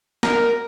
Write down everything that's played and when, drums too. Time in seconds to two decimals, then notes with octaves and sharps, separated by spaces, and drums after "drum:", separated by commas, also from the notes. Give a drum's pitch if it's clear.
0.23 A#4, drum: snare